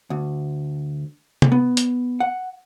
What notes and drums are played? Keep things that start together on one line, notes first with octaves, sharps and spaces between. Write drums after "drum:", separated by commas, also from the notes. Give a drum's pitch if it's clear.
D2
drum: tom
B3
drum: hi-hat
F#5